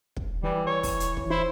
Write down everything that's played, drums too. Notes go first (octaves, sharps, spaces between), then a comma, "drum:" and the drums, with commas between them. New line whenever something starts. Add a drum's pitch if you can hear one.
drum: kick
E3 G3
C#5
drum: kick, open hi-hat
drum: hi-hat
drum: kick
E4 C5